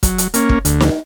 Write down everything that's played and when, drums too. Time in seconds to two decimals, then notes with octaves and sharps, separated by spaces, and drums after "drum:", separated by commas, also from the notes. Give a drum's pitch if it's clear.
0.03 F#3, drum: kick, hi-hat
0.18 drum: hi-hat
0.34 A#3 C#4, drum: hi-hat
0.49 drum: kick
0.65 D2, drum: hi-hat
0.80 drum: snare